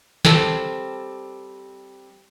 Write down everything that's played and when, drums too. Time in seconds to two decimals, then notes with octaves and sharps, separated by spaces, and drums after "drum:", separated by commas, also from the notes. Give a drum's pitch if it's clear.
0.25 G3 C4 A4, drum: snare